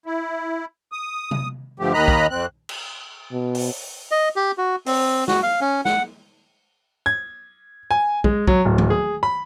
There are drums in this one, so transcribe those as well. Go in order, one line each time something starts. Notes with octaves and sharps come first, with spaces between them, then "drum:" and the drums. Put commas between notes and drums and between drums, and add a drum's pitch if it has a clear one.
E4
D#6
drum: tom C3
G2 D3 F3 A3 G4
D#2 D#3 D#5 A#5 B5 F#6
drum: kick
F2 C4 F#6
drum: cymbal
B2
drum: open hi-hat
D#5
G4
F#4
C4, drum: open hi-hat
F#4, drum: snare
F5
C#4
F#5, drum: snare
G#6
G#5
G#3, drum: kick
F#3, drum: kick
D1
drum: tom D#3
G#4
B5